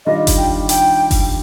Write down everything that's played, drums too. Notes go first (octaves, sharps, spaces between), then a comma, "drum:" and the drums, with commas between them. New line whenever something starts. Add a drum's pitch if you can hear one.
D#3 G3 D4 F4 D#5
drum: kick F#1, hi-hat
G5
G5, drum: hi-hat
drum: kick F#1, open hi-hat